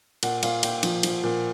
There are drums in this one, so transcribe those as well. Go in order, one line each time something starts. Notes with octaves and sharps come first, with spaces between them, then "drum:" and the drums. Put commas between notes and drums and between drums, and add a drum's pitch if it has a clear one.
A#2 F#5, drum: cymbal
A#2 F5, drum: cymbal
A#2 G5, drum: cymbal
F3, drum: cymbal
F3, drum: cymbal
A#2